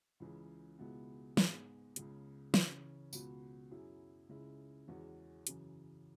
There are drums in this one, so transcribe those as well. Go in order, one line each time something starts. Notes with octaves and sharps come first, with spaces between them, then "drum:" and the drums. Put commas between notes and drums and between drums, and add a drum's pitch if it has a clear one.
C#2 C#3 E3 G#3
C#2 B2 G#3 B3 E4
G#2 G#3 B3 G#4, drum: snare
C#2 C#3 G#3, drum: hi-hat
C#3 E3 C#4, drum: snare
C#2 B2 B3 F#4, drum: tambourine
F#2 F#3 E4 G#4
C#2 C#3 G#3 E4
E2 E3 G#3 C#4 F#4
F#2 C#3 E3, drum: hi-hat